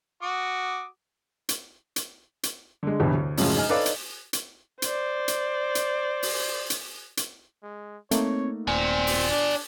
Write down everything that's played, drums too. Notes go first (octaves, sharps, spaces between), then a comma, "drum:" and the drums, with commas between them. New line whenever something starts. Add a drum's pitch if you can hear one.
F#4 D6 D#6
drum: hi-hat
drum: hi-hat
drum: hi-hat
D3 G#3
G1 C2 G2 B2 E3
D2
F#2 A2 C#3 F3 G#3 F4, drum: open hi-hat
G#2 D#4 G#5 F6
D#4 A4 B4 C#5 D5 F5
drum: hi-hat
drum: hi-hat
C5 D5, drum: hi-hat
drum: hi-hat
drum: hi-hat
drum: open hi-hat
drum: hi-hat
drum: hi-hat
G#3
A3 A#3 C4 D#4 C#5, drum: hi-hat
D#1 C4 D5 G#5
drum: open hi-hat
D4